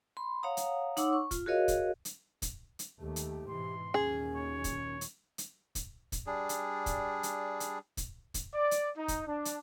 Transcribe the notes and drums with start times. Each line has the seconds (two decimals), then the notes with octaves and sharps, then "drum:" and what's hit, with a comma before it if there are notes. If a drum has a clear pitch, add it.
0.17 B5 C6
0.43 C#5 F5 F#5 A#5 D#6
0.57 drum: hi-hat
0.97 D#4 C#5 F#5 C6 D6 E6, drum: hi-hat
1.13 C#6
1.31 F4, drum: kick, hi-hat
1.46 F#4 G#4 A#4 C#5 D#5 F5
1.68 drum: kick, hi-hat
2.05 drum: hi-hat
2.42 drum: kick, hi-hat
2.79 drum: hi-hat
3.01 D#2 A3 G4
3.16 drum: hi-hat
3.48 G#2 B2 E3 C6
3.94 D#2 A#2 F#3 C#4 G#4
4.36 C#5
4.64 drum: kick, hi-hat
5.01 drum: hi-hat
5.38 drum: hi-hat
5.75 drum: kick, hi-hat
6.12 drum: kick, hi-hat
6.27 G3 D4 G#4
6.49 drum: hi-hat
6.86 drum: kick, hi-hat
7.23 drum: hi-hat
7.60 drum: hi-hat
7.97 drum: kick, hi-hat
8.34 drum: kick, hi-hat
8.54 D5
8.71 drum: hi-hat
8.97 D#4
9.08 drum: kick, hi-hat
9.27 D4
9.45 drum: hi-hat